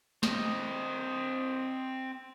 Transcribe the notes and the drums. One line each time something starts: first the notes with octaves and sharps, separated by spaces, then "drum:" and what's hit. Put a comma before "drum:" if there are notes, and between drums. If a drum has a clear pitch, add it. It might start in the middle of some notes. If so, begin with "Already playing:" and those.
C4 D#5, drum: snare